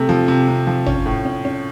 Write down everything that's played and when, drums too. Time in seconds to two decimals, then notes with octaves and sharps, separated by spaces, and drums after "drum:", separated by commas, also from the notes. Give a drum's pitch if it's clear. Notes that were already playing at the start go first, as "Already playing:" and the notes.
Already playing: C3 A3
0.09 F3
0.28 C3
0.48 C3
0.67 F3
0.86 C#4, drum: tom
1.06 A2
1.25 C#4
1.45 C#4